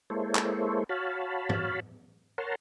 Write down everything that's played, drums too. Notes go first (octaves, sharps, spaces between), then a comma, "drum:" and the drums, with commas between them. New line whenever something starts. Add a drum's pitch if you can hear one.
G#3 A#3 E4 A4 C5 C#5
drum: clap
F#4 C#5 F5 A5 B5
drum: tom
A#4 C#5 F#5 A5 A#5 C6